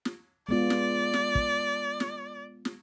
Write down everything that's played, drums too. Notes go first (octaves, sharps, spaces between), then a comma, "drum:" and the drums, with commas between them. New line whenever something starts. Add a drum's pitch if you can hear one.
drum: snare
G#3 B3 F4 D5
drum: snare
drum: snare
drum: kick
drum: snare
drum: snare